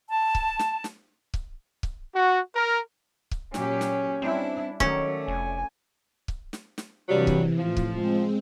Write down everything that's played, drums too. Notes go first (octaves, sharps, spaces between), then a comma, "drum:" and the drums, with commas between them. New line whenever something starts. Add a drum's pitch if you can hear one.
A5
drum: kick C#1
drum: snare
drum: snare
drum: kick C#1
drum: kick C#1
F#4
A#4
drum: kick C#1
A#2 F#3 C#4 G4, drum: snare
drum: snare
G3 C4 D4 E4
D#3 F#3 A3 C#4 D5, drum: kick C#1
F1 G#5
drum: kick C#1
drum: snare
drum: snare
G2 C3 E3 F#3 G3
drum: kick C#1
A2 F3 F4
drum: kick C#1
G#3 C4